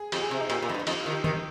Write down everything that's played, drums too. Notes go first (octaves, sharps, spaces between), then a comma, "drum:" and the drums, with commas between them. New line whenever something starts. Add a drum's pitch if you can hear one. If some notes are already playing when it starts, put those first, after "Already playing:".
Already playing: G#4
F2 G4, drum: cymbal
G#4
C3
D#4
A#2 G4, drum: cymbal
A#2
F2 D#4
G2
F2 D#4, drum: cymbal
F4
D#3
G4
D#3 G4, drum: tom D#3